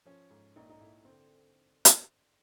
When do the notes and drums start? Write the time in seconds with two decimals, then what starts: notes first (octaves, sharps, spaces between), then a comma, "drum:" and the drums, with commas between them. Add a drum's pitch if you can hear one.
0.05 F3 C#4
0.31 G#2
0.56 A#1 D#4
0.70 D#4
0.81 A#1 E4
1.05 D3 C4
1.85 drum: hi-hat